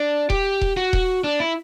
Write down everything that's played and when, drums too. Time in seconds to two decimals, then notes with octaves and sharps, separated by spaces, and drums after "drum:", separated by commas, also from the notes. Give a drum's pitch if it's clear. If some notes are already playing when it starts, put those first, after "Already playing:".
Already playing: D4
0.30 G4, drum: kick D#1
0.61 drum: kick D#1
0.77 F#4
0.93 drum: kick D#1
1.24 D4
1.40 E4